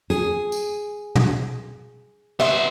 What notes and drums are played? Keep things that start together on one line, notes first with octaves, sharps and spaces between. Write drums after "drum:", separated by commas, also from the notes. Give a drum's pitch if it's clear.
G#4, drum: hi-hat
drum: tambourine
drum: tom
B3 E5 C6, drum: snare